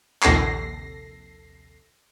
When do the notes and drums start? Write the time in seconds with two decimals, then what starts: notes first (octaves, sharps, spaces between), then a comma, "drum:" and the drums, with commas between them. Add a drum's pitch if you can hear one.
0.23 A#1 D#2 C3 A4 A#6 C7, drum: clap